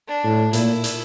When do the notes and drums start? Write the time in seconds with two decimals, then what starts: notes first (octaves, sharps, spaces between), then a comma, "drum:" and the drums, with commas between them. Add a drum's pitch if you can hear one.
0.08 D4
0.24 A2
0.53 A#2 E4, drum: hi-hat
0.84 drum: hi-hat